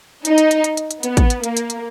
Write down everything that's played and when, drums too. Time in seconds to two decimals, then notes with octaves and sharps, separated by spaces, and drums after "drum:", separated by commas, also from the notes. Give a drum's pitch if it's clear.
0.25 D#4, drum: hi-hat
0.38 drum: hi-hat
0.51 drum: hi-hat
0.64 drum: hi-hat
0.77 drum: hi-hat
0.91 drum: hi-hat
1.03 B3, drum: hi-hat
1.17 drum: kick, hi-hat
1.30 drum: hi-hat
1.44 A#3, drum: hi-hat
1.57 drum: hi-hat
1.70 drum: hi-hat